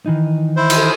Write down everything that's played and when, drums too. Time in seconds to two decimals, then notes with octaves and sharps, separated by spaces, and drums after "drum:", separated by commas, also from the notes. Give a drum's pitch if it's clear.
0.06 D#3 E3 D#4
0.57 E4 C5
0.70 drum: cymbal